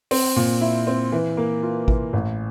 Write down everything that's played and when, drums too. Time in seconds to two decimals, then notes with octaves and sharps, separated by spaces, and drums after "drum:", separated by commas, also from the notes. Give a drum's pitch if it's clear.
0.11 C4, drum: open hi-hat
0.36 A#2
0.61 E4
0.87 C4
1.12 E3
1.37 A#3
1.63 F4
1.88 E3, drum: kick A1
2.13 A1